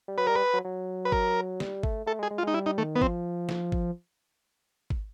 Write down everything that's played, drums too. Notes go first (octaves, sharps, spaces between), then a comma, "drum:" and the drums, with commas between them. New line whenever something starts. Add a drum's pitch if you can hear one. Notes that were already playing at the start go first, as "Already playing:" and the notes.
G3
F#3 B4
G3 A#4
B4
F#3
F#3
B4
A#4, drum: kick G#1
G3, drum: snare
A3, drum: kick G#1
A3 A4
G#3
G#4
G#3
F4
G#3 D#4
G3 E4
D#4
D#3 A3
B3
F3 C4, drum: kick G#1
drum: snare
drum: kick G#1
drum: kick G#1